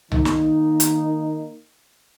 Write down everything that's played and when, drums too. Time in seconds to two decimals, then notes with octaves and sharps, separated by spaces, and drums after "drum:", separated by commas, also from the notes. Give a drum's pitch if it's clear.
0.12 D#3 A#3 D#4, drum: tom C2
0.25 drum: snare
0.80 drum: hi-hat